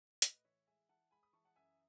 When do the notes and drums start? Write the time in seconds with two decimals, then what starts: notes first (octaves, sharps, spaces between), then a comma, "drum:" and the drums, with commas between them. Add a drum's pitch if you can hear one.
0.22 A2 B4 D#5, drum: hi-hat
0.45 E3 C#5 E5
0.67 G#3 E5 G#5
0.89 E3 F#5 A5
1.11 G#3 G#5 B5
1.23 B5 D#6
1.33 E3 A5 C#6
1.45 F#5 A5
1.56 F#2 E5 G#5